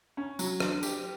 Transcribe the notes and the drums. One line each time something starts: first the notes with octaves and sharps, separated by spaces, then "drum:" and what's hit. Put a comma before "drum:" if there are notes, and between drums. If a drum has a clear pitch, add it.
C#4
F#3, drum: tambourine
D4, drum: rim click
G4, drum: tambourine